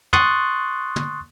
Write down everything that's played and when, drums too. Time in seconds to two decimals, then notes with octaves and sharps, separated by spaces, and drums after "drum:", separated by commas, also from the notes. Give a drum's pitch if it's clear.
0.13 C6 C#6 D#6 F#6 A6, drum: tom
0.96 drum: tom